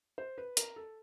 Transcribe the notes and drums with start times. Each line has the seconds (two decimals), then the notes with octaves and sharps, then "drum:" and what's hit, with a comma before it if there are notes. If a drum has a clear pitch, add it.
0.18 C5
0.38 B4
0.57 A#4, drum: hi-hat
0.76 A4